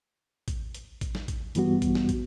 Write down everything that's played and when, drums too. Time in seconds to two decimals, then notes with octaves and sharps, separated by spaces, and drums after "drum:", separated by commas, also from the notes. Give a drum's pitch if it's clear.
0.48 drum: kick, hi-hat
0.75 drum: hi-hat
1.01 drum: kick, hi-hat
1.15 drum: snare
1.28 drum: kick, hi-hat
1.55 G2 E3 G3 B3 F#4, drum: hi-hat
1.82 drum: kick, hi-hat
1.95 drum: snare
2.09 drum: kick, hi-hat